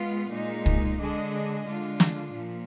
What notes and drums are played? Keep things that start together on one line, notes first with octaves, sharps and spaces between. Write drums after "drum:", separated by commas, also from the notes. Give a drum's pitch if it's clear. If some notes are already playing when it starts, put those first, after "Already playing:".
Already playing: G#3 B3 F4
A#2 G#3 D#4
drum: kick
D3 G#3 D4 G#4 D#5
D3 G#3 D4 F4
drum: snare
A#2 F3